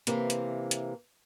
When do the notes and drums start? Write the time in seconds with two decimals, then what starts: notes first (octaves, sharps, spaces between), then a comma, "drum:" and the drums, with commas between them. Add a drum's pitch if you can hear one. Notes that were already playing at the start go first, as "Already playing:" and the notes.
0.07 C3 E3 A#3, drum: hi-hat
0.30 drum: hi-hat
0.71 drum: hi-hat